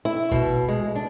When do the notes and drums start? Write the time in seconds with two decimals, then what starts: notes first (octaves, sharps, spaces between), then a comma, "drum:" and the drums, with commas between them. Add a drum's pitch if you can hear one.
0.05 E4
0.32 B2, drum: kick G#1
0.69 G#3
0.95 D4